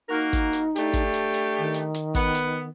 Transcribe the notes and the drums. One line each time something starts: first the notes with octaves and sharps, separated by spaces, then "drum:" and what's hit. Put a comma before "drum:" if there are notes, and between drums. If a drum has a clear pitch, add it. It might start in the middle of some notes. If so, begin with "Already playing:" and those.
A#3 D#4 F#4 A#4
drum: kick, hi-hat
drum: hi-hat
A3 D4 G4, drum: hi-hat
drum: kick, hi-hat
drum: hi-hat
drum: hi-hat
D#3
drum: hi-hat
drum: hi-hat
B3, drum: kick, hi-hat
drum: hi-hat